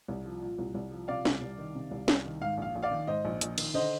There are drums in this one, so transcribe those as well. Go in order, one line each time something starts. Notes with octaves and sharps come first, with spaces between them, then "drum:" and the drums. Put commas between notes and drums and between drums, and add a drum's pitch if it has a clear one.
C2
F3
A#2
C2
C2
F3
C3 D5 F5
C2, drum: snare
C2
D#3
C3
C2
C2, drum: snare
D#3
G#2 F5
A#1 F5
A#1
D5 F5
D#3
G#2 C5 D#5
A#1
A#1, drum: hi-hat
D#3, drum: cymbal
D3 C5 D#5